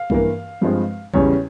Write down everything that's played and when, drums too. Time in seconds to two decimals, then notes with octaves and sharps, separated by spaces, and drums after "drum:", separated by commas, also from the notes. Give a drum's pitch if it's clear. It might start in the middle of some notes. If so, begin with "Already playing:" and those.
Already playing: F5
0.10 G2 E3 A#3, drum: kick
0.61 G2 F3 G#3 C4
1.14 E2 C#3 G3 C#4 C#5, drum: kick